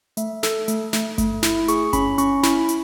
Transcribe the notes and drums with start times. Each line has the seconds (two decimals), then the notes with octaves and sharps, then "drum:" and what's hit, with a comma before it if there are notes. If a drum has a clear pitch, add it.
0.17 A3 E5, drum: hi-hat
0.43 A4, drum: snare
0.68 A3, drum: hi-hat
0.93 A3, drum: snare
1.18 A3, drum: kick G1, hi-hat
1.43 E4, drum: snare
1.68 G#4 C#6, drum: hi-hat
1.93 C#4 B5, drum: kick G1, hi-hat
2.18 C#4 C#6, drum: hi-hat
2.43 E4 B5, drum: snare
2.69 drum: hi-hat